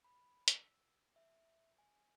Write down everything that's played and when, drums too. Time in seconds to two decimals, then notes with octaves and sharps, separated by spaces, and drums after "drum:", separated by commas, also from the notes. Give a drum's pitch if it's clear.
0.04 B5
0.48 E6, drum: hi-hat
1.16 E5
1.78 G#5